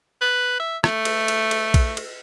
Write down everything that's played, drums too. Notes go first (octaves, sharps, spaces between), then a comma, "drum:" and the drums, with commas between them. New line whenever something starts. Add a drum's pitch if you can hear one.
B4
E5
A3, drum: rim click
drum: cymbal
drum: cymbal
drum: cymbal
drum: kick A#1, cymbal
drum: cymbal